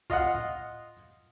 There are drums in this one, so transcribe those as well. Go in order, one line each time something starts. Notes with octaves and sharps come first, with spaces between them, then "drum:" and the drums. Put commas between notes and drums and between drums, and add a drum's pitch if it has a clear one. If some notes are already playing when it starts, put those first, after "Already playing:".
F4 D#5 F5 F#5, drum: kick C2
drum: tom A2